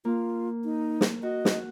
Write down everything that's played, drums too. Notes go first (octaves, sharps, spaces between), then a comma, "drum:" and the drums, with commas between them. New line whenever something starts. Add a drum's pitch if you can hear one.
A#3 F4
D#4
drum: snare
F#4 D#5
drum: snare